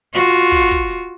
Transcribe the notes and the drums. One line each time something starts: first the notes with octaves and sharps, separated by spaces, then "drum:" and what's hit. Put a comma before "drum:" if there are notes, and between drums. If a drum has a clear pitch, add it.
F4 F#4, drum: hi-hat
drum: hi-hat
drum: kick, hi-hat
drum: kick, hi-hat
drum: hi-hat